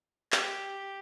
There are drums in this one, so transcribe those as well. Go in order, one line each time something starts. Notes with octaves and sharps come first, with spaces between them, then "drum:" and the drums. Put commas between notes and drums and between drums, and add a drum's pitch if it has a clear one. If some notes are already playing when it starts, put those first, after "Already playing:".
G4, drum: clap